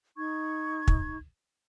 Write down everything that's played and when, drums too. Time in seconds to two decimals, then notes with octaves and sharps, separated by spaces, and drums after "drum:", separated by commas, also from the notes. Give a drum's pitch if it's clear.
0.16 D#4 C#6 G#6
0.88 drum: kick